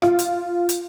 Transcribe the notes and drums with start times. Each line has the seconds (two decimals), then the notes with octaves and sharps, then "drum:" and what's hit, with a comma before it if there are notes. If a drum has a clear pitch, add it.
0.02 F4, drum: rim click
0.19 drum: hi-hat
0.69 drum: hi-hat